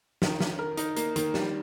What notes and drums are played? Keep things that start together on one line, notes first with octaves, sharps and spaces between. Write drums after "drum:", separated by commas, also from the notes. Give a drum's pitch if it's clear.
D#3, drum: snare
D#3, drum: snare
A#4
D#4, drum: hi-hat
A#3, drum: hi-hat
D#3, drum: hi-hat
G3, drum: snare